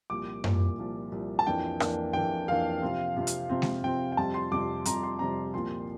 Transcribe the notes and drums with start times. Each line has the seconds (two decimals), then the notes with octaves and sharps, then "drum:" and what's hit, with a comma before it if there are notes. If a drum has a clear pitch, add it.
0.10 C2 A#2 F3 D6
0.44 C2 A#2 F3, drum: tom F#2
0.78 C2 A#2 F3
1.12 C2 A#2 F3
1.39 A5
1.46 F2 E3 A#3 D4 G5
1.80 F2 E3 A#3 D4, drum: rim click
2.13 F2 E3 A#3 D4 G5
2.48 F2 E3 A#3 D4 F5
2.82 C3 F3 C4
3.16 C3 F3 C4
3.27 drum: hi-hat
3.49 C3 F3 C4
3.62 drum: snare G#3
3.84 C3 F3 C4 G5
4.12 G5
4.17 F2 C3 G3 C4 A5
4.34 C6
4.51 F2 C3 G3 C4 D6
4.85 F2 C3 G3 C4 A#5, drum: hi-hat
5.03 C6
5.19 F2 C3 G3 C4 A#5
5.54 C2 A#2 F3 C4 C6